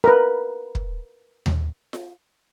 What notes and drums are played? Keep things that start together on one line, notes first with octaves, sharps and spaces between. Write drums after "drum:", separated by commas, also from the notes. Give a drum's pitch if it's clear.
A#4 B4
drum: kick
drum: tom D#2
drum: snare F4